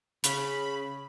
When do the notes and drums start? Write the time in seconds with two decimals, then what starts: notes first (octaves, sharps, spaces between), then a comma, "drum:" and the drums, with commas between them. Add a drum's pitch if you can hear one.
0.24 C#3 B5, drum: hi-hat